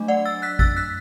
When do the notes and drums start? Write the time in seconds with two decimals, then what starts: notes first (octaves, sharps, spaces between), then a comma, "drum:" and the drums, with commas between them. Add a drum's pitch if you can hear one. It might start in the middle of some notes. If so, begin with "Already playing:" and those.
Already playing: F#3 A3 D4
0.08 D5 F#5
0.25 E6 A6
0.42 F#6 B6
0.59 E6 A6, drum: kick A1
0.76 F#6 B6